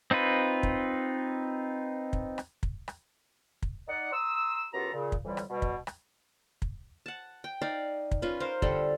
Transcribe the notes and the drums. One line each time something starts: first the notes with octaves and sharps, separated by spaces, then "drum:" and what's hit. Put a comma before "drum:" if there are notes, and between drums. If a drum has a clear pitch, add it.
C4 D#4 F4 B4
drum: kick
drum: kick
drum: rim click
drum: kick
drum: rim click
drum: kick
D#4 D5 F#5
A#5 C6 D#6 E6
F#2 B3 F4 G4 A4 A#5
A#2 C#3
drum: kick
F2 A2 D3 E3 G3
drum: rim click
B2 G3
drum: kick
drum: rim click
drum: kick
F#5 A5
G5
D#4 D5 F5
drum: kick
C#4 F4 B4
A#4 C5 F5
D3 G3 A4, drum: kick